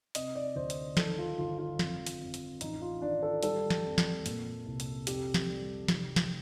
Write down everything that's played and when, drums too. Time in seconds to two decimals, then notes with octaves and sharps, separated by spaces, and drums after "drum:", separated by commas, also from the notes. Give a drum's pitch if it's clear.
0.15 C3 D#5, drum: hi-hat
0.35 D5
0.56 D2 C5
0.70 drum: hi-hat
0.97 D#3 A4, drum: snare
1.18 F4
1.38 G1 F4
1.58 F4
1.79 F2, drum: snare
2.07 drum: hi-hat
2.20 F2
2.34 drum: hi-hat
2.61 A1 D#4, drum: hi-hat
2.81 F4
3.02 D#3 D4
3.23 A4
3.43 G3 A4, drum: hi-hat
3.70 drum: snare
3.84 F2
3.98 drum: snare
4.26 A#2, drum: hi-hat
4.66 C2
4.80 drum: hi-hat
5.07 F2 G4, drum: hi-hat
5.34 drum: snare
5.48 G3
5.88 F1, drum: snare
6.16 drum: snare